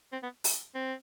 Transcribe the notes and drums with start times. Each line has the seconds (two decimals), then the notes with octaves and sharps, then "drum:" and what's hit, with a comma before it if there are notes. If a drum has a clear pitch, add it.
0.13 C4
0.23 B3
0.44 drum: open hi-hat
0.75 C4